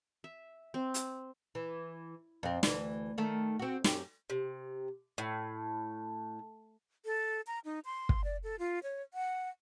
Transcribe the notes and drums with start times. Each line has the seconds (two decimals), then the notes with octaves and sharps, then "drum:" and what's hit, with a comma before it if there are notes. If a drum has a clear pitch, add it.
0.24 E5
0.74 C4
0.94 drum: hi-hat
1.55 E3
2.43 F2 C4
2.63 D2 E3, drum: snare
3.18 D#3 A3
3.59 C4 F#4
3.84 F#2 G4, drum: snare
4.30 C3
5.18 A2
7.05 A4
7.47 A#5
7.65 D#4
7.85 C6
8.09 drum: kick
8.24 D5
8.44 A4
8.59 F4
8.83 C#5
9.14 F#5